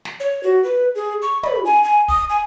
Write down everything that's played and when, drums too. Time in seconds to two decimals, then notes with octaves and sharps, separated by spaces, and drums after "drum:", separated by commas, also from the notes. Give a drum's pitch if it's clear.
0.05 drum: snare
0.20 C#5
0.43 F#4
0.64 B4
0.95 G#4
1.22 C#6
1.43 B5, drum: tom
1.65 G#5
1.84 G#5
2.08 D#6, drum: kick
2.30 G#5